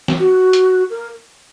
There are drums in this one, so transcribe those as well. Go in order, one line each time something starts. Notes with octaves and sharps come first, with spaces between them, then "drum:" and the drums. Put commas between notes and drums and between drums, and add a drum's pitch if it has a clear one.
drum: snare
F#4
drum: hi-hat
A#4